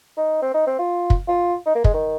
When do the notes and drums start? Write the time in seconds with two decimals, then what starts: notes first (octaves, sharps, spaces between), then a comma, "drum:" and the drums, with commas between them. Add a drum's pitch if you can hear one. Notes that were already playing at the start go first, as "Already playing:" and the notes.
0.17 D#4
0.42 C4
0.54 D#4
0.67 C4
0.79 F4
1.10 drum: kick
1.28 F4
1.66 D#4
1.75 A#3
1.84 G#3, drum: kick
1.94 D#3